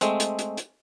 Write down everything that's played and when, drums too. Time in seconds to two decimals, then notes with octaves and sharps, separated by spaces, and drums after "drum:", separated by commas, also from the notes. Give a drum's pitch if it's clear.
0.01 G#3 A3 C4, drum: hi-hat
0.20 drum: hi-hat
0.39 drum: hi-hat
0.57 drum: hi-hat